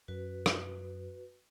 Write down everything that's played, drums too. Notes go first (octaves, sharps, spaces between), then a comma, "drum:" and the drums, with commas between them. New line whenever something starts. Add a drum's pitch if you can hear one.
F#2 F#4 B4
drum: rim click